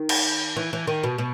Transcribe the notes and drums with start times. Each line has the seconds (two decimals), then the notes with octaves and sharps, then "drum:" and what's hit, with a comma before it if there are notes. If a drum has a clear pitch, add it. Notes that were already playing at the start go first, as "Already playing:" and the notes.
Already playing: D#3
0.09 drum: cymbal
0.56 E3
0.73 E3
0.87 D#3
1.04 B2
1.18 B2